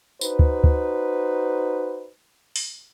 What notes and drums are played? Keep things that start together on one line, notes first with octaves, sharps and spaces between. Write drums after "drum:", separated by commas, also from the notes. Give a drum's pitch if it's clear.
D#4 F#4 B4 C5, drum: tambourine
drum: kick
drum: kick
drum: open hi-hat